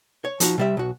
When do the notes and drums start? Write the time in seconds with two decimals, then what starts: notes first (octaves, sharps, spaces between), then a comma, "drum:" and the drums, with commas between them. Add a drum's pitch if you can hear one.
0.25 C#5
0.40 F3 D#4 F#4, drum: hi-hat
0.58 C3 G3 E5
0.77 B1 F#4